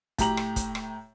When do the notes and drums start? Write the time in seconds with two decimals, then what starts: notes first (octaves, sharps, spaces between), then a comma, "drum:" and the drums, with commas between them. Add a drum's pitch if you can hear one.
0.19 A2 G4 A#5 F#7, drum: kick, hi-hat
0.37 drum: rim click
0.56 drum: kick, hi-hat
0.75 drum: rim click